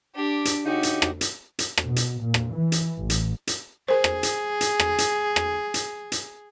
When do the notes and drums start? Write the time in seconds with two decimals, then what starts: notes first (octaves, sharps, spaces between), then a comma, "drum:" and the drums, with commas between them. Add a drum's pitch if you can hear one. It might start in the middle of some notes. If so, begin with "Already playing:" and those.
0.15 D4 G4
0.45 drum: hi-hat
0.66 C#3 D#4 F#4 G4
0.83 drum: hi-hat
1.02 drum: rim click
1.21 drum: hi-hat
1.59 drum: hi-hat
1.77 drum: rim click
1.87 B2
1.96 drum: hi-hat
2.21 A#2
2.34 drum: rim click
2.53 E3
2.72 drum: hi-hat
2.98 A1
3.10 drum: hi-hat
3.47 drum: hi-hat
3.88 G#4 A#4 C5
4.04 drum: rim click
4.23 drum: hi-hat
4.61 drum: hi-hat
4.80 drum: rim click
4.98 drum: hi-hat
5.36 drum: rim click
5.74 drum: hi-hat
6.12 drum: hi-hat